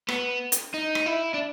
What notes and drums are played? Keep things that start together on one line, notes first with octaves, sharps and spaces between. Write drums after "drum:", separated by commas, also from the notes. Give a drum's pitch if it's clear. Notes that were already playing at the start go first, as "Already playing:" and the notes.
B3, drum: rim click
drum: hi-hat
D#4
drum: rim click
E4
D4